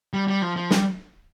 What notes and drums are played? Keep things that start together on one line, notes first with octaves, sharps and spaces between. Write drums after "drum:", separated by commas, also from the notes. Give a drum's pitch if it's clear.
G3
G3
F3
F3
G3, drum: snare